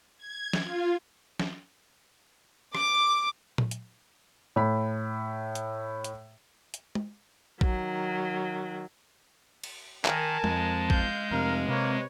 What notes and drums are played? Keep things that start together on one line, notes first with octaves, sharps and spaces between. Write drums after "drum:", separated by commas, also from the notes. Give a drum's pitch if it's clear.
G#6
drum: snare
F4
drum: snare
D6, drum: rim click
drum: tom A#2
drum: hi-hat
A2 B5
drum: hi-hat
drum: hi-hat
drum: hi-hat
drum: tom
D#3 F#3, drum: kick A1
drum: cymbal
D#3 A#4 G#5 A5, drum: clap
F2 G#3, drum: tom
F5 G6, drum: kick A1
F2 C3 A#4 F5
C3 A#3 B4 C#5